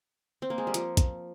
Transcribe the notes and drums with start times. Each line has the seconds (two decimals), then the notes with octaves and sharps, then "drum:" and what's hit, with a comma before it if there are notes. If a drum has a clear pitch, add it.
0.42 C4
0.50 A#3
0.58 G#3
0.67 G3
0.74 F3, drum: hi-hat
0.97 drum: kick, hi-hat